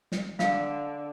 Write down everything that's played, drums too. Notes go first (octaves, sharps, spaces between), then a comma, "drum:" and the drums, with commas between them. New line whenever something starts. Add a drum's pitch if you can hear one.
drum: snare
D3 F5, drum: snare